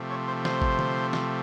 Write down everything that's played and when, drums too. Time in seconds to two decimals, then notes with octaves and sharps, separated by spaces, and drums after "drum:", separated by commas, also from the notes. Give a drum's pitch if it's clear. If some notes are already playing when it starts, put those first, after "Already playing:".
Already playing: C3 F3 A3
0.10 C#5
0.28 C5
0.45 C5, drum: snare
0.62 drum: kick G#1
0.79 drum: tom D3
1.13 drum: snare